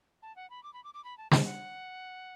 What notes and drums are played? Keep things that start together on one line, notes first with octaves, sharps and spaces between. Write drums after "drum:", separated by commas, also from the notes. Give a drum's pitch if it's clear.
A5
F#5
B5
D6
B5
D6
D6
B5
A5
A5, drum: snare
F#5